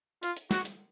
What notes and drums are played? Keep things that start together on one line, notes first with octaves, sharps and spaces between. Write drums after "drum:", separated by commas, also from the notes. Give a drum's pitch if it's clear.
F4, drum: hi-hat
drum: hi-hat
F#4, drum: snare
drum: hi-hat